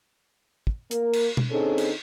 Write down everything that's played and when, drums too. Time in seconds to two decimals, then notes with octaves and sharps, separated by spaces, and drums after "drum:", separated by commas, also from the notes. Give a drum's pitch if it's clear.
0.67 drum: kick
0.91 A#3 A#4, drum: hi-hat
1.13 drum: cymbal
1.37 drum: tom B2
1.51 D3 C4 C#4 D#4 G#4 A4
1.78 drum: cymbal